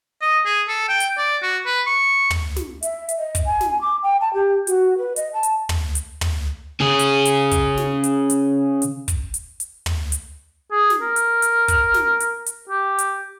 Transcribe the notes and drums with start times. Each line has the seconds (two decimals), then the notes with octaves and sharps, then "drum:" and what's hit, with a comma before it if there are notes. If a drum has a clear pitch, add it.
0.21 D#5
0.46 G#4
0.68 A4
0.88 G5
1.00 drum: hi-hat
1.17 D5
1.42 F#4
1.66 B4
1.87 C#6
2.30 drum: tom
2.56 drum: snare
2.83 E5, drum: hi-hat
3.09 drum: hi-hat
3.19 D#5
3.35 drum: kick, hi-hat
3.46 G#5
3.61 drum: snare
3.81 D6
4.03 G5
4.21 A5
4.34 G4
4.67 F#4, drum: hi-hat
4.98 B4
5.16 D#5, drum: hi-hat
5.34 A5
5.43 drum: hi-hat
5.69 drum: tom
5.95 drum: hi-hat
6.21 drum: tom
6.81 C#3 G#4
6.99 drum: hi-hat
7.25 drum: hi-hat
7.51 drum: kick, hi-hat
7.77 drum: snare
8.04 drum: hi-hat
8.30 drum: hi-hat
8.82 drum: hi-hat
9.08 drum: kick, hi-hat
9.34 drum: hi-hat
9.60 drum: hi-hat
9.86 drum: tom
10.12 drum: hi-hat
10.72 G#4
10.90 drum: snare
11.02 A#4
11.16 drum: hi-hat
11.42 drum: hi-hat
11.68 drum: kick, hi-hat
11.94 drum: snare
12.20 drum: hi-hat
12.46 drum: hi-hat
12.69 G4
12.99 drum: hi-hat